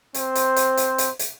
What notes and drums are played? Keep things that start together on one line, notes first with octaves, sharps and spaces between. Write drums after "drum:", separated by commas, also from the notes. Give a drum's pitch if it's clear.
C4 C5, drum: hi-hat
drum: hi-hat
drum: hi-hat
drum: hi-hat
drum: hi-hat
drum: hi-hat